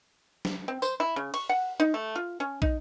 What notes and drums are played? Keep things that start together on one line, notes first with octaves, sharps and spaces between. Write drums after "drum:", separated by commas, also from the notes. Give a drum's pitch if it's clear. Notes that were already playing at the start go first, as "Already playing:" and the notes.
drum: snare
C4
C5, drum: tambourine
E4
C#3
C#6, drum: cymbal
F#5
D#4
A3
F4
C#4
D#4, drum: kick